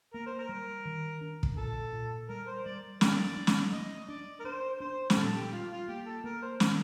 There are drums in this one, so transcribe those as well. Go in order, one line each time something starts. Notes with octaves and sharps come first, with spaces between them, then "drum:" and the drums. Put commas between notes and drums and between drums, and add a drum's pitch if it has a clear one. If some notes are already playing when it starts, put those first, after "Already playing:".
A#3 A#4
C5
A#4
G3
D#3
D4
drum: kick
A#2 A4
A#2
G3 A#4
C5
G3 D5
D4 G4 A#4 D5, drum: snare
D4
drum: snare
A3 D#5
D4 D5
A#4
D4 C5
D4 C5
G4, drum: snare
A#2 A4
G4
G3 F4
F4
A#3 G4
A4
A#3 A#4
C5
D#3, drum: snare